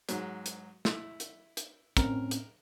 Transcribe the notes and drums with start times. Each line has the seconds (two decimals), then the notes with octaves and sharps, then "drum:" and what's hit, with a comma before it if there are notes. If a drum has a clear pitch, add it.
0.09 G#2 F#3, drum: hi-hat
0.46 drum: hi-hat
0.85 E4, drum: snare
1.20 drum: hi-hat
1.57 drum: hi-hat
1.97 A2 C4 C#4 A#4, drum: kick, hi-hat
2.31 drum: hi-hat